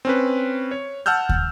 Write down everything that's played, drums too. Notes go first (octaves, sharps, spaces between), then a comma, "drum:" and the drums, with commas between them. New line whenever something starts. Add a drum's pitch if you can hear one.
C4 C#4 B4
C#5
F#5 A5 E6 F6 G6
drum: kick